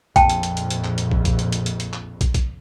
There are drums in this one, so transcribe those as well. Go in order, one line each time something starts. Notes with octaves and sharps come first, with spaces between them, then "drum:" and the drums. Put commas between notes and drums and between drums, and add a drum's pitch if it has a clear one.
A#1 F2 G5 A5, drum: kick, hi-hat
drum: hi-hat
drum: hi-hat
drum: hi-hat
drum: hi-hat
drum: clap
drum: hi-hat
drum: kick
drum: kick, hi-hat
drum: hi-hat
drum: hi-hat
drum: hi-hat
drum: hi-hat
drum: clap
drum: kick, hi-hat
drum: kick, hi-hat